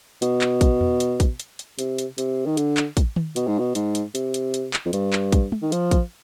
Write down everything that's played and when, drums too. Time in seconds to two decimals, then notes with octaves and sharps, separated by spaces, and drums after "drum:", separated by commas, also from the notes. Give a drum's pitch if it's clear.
0.22 B2, drum: hi-hat
0.41 drum: clap
0.61 drum: kick, hi-hat
0.81 drum: tom E2
1.00 drum: hi-hat
1.20 drum: kick, hi-hat
1.40 drum: hi-hat
1.59 drum: hi-hat
1.79 C3, drum: hi-hat
1.98 drum: hi-hat
2.18 C3, drum: hi-hat
2.46 D#3
2.57 D3, drum: hi-hat
2.77 drum: clap
2.97 drum: kick, hi-hat
3.16 drum: tom D#3
3.36 B2, drum: hi-hat
3.47 G#2
3.59 B2
3.75 G#2, drum: hi-hat
3.95 drum: hi-hat
4.15 C3, drum: hi-hat
4.34 drum: hi-hat
4.54 drum: hi-hat
4.74 drum: clap
4.86 F2
4.93 G2, drum: hi-hat
5.13 drum: clap
5.32 drum: kick, hi-hat
5.52 drum: tom
5.62 D#3
5.72 F3, drum: hi-hat
5.91 drum: kick, hi-hat